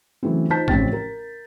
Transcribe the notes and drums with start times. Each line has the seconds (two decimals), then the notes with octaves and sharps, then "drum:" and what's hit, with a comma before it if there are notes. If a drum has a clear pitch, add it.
0.23 C#3 E3 F#3 A3 C4
0.50 D#4 F4 C5 A5 G6 B6
0.68 A1 C#3 F3 C4 G5 A6, drum: kick
0.93 A#4